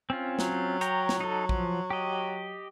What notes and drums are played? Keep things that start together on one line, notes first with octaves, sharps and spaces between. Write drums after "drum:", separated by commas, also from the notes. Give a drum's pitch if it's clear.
C4 C#4 F4
F#3, drum: snare
C#5 G5 A#5, drum: hi-hat
drum: snare
D#4 A4
F3, drum: kick A#1
G4 D#5